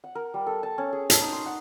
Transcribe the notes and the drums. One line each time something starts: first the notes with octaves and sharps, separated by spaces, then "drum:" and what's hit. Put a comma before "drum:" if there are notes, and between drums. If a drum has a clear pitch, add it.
F#5
A#4
G3
A4
A5
C#4
G#4
A5, drum: hi-hat
D#4
C6
F#5